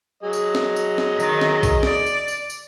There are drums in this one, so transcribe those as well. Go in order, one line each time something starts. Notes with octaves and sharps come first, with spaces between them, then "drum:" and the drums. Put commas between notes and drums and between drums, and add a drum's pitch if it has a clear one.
F#3 G#4 D#5
drum: tambourine
drum: snare
drum: tambourine
drum: snare
D#3, drum: tambourine
drum: snare
drum: kick, tambourine
D5, drum: snare
drum: tambourine
drum: tambourine
drum: tambourine